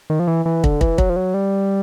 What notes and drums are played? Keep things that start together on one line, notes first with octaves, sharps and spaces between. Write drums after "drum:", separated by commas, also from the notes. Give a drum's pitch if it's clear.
D#3
F3
E3
E3
D3, drum: kick
E3, drum: kick
F#3, drum: kick
F3
F#3
G3